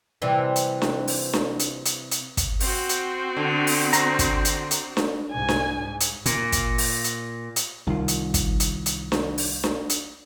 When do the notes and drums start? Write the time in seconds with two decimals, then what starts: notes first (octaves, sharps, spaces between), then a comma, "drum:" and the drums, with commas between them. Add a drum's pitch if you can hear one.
0.22 C3 E3 G3
0.56 drum: hi-hat
0.82 drum: snare D4
1.08 drum: open hi-hat
1.33 drum: snare D4
1.59 drum: hi-hat
1.85 drum: hi-hat
2.11 drum: hi-hat
2.37 drum: kick, hi-hat
2.60 C4 F#4, drum: open hi-hat
2.89 drum: hi-hat
3.37 D3
3.67 drum: open hi-hat
3.93 C5 A#5, drum: hi-hat
4.19 drum: kick, hi-hat
4.45 drum: hi-hat
4.71 drum: hi-hat
4.97 drum: snare D4
5.31 C2 G#2 G#5
5.49 drum: snare D4
5.78 G#2
6.00 drum: hi-hat
6.26 A#2, drum: hi-hat
6.52 drum: kick, hi-hat
6.78 drum: open hi-hat
7.04 drum: hi-hat
7.56 drum: hi-hat
7.87 C2 D#3 F4
8.08 drum: hi-hat
8.34 drum: kick, hi-hat
8.60 drum: hi-hat
8.86 drum: hi-hat
9.12 drum: snare D4
9.38 drum: open hi-hat
9.64 drum: snare D4
9.89 drum: hi-hat